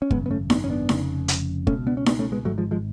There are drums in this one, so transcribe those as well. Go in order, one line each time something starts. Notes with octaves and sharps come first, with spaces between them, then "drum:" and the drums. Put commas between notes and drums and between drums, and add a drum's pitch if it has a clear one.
C#4
G#1 F#2 C#3 G#3 B3, drum: kick
B3
A3 C#4
B3 D4, drum: snare D#4
C#4
B3 D4
F1 F2 C#3, drum: snare D#4
drum: hi-hat
C#2 B2 A3 C#4, drum: kick
B3 D4
C#4
B3 D4, drum: snare D#4
A3 C#4
G#3 B3
G#1 G#2 F#3 A3
F3 G#3
F3 G#3